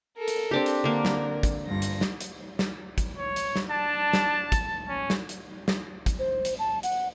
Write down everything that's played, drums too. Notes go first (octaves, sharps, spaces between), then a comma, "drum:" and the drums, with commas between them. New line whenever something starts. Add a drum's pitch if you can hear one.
A4 A#4
drum: hi-hat
C4 D4 G4
drum: hi-hat
D3 A#3 A#4
drum: snare
drum: kick, hi-hat
G2 F4 A#6
drum: hi-hat
drum: snare
drum: hi-hat
drum: snare
drum: kick, hi-hat
C#5
drum: hi-hat
drum: snare
D4 A5
drum: snare
drum: kick, hi-hat
C#4
drum: snare
drum: hi-hat
drum: snare
drum: kick, hi-hat
C5
drum: hi-hat
A5
F#5, drum: hi-hat